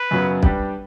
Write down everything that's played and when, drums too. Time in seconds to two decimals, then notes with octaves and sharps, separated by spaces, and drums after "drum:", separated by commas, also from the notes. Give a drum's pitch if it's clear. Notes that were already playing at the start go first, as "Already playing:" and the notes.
Already playing: B4
0.11 F#2 C#3 F#3 B3
0.43 G3 D4 G4 B4, drum: kick